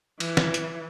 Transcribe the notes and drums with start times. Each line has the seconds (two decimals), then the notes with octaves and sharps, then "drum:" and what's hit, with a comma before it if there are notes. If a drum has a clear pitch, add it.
0.20 E3, drum: cymbal
0.37 drum: snare
0.54 drum: hi-hat